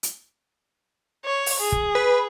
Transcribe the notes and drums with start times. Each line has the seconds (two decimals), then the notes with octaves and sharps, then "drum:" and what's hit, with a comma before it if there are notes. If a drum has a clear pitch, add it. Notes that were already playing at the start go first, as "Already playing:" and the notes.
0.03 drum: hi-hat
1.25 C#5
1.46 drum: open hi-hat
1.61 G#4
1.72 drum: kick
1.95 B4